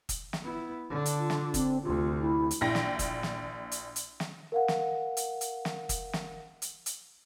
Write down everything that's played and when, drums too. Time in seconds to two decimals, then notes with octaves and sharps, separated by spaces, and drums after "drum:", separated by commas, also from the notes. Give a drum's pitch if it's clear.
0.09 drum: kick, hi-hat
0.33 drum: snare
0.43 B3 E4
0.89 D3 D4
1.06 drum: hi-hat
1.19 F4
1.30 drum: snare
1.54 C4, drum: kick, hi-hat
1.83 D2 C3 F4
2.20 E4
2.51 drum: hi-hat
2.61 A#1 E4 G5 A#6
2.75 drum: snare
2.99 drum: kick, hi-hat
3.23 drum: snare
3.72 drum: hi-hat
3.96 drum: hi-hat
4.20 drum: snare
4.52 A#4 F5 F#5
4.68 drum: snare
5.17 drum: hi-hat
5.41 drum: hi-hat
5.65 drum: snare
5.89 drum: kick, hi-hat
6.13 drum: snare
6.62 drum: hi-hat
6.86 drum: hi-hat